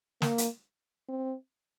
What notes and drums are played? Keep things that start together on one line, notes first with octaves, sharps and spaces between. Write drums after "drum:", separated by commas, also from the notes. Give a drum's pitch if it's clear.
A#3, drum: snare
drum: hi-hat
C4